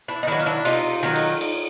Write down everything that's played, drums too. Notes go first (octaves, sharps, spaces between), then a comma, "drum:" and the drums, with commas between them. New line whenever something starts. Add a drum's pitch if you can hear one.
D4 E4
D#4
D#3 F#3 D4 E4
F4
D4 E4
C3 D#4 F4, drum: cymbal
D#3 F#3
drum: cymbal
drum: cymbal